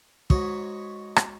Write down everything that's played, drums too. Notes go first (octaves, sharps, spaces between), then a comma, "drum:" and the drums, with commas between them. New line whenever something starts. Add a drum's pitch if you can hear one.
G#2 F#4 C#5 D#5, drum: kick
drum: rim click